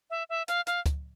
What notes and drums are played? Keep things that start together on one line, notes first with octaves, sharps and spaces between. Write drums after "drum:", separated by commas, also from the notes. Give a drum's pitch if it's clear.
E5
E5
F5, drum: hi-hat
F5, drum: hi-hat
drum: kick C#2, hi-hat